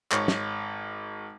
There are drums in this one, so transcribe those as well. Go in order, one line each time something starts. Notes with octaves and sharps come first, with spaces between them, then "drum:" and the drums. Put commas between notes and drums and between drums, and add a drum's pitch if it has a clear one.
G#1 C#5, drum: clap
drum: snare